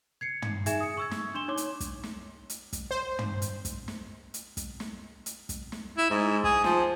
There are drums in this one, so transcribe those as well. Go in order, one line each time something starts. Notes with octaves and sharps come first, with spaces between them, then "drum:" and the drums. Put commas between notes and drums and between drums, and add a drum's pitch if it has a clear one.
G#6 C7 C#7
drum: tom
D#4 G#4 E5 G#5 G#6 E7, drum: hi-hat
D#6 C#7
C#6 E6 G#6
drum: snare
D4 C6 E7 G7
D#4 C#5 C6 D6
drum: hi-hat
drum: kick, hi-hat
drum: snare
drum: hi-hat
drum: kick, hi-hat
C5
drum: tom
drum: hi-hat
drum: kick, hi-hat
drum: snare
drum: hi-hat
drum: kick, hi-hat
drum: snare
drum: hi-hat
drum: kick, hi-hat
drum: snare
E4
G#2
G#4, drum: kick
F3, drum: snare